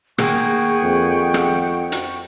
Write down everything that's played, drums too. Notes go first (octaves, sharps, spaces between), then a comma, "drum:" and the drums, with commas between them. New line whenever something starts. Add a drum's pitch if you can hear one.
D#3 A#3 G#4 F#5 G5 C#6, drum: rim click
F2
drum: rim click
drum: hi-hat